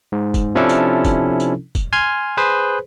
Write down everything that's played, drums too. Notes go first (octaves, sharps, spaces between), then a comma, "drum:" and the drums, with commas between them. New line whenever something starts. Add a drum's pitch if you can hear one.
G#2
drum: kick, tambourine
C3 F3 C#4 D4 E4 A4
drum: tambourine
drum: kick, tambourine
drum: tambourine
drum: kick, tambourine
G#5 C6 F6 G#6
G#4 B4 C5